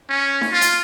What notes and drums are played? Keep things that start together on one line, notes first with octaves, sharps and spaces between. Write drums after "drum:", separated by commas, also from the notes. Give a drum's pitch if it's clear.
C#4
drum: snare D#4
F4
drum: hi-hat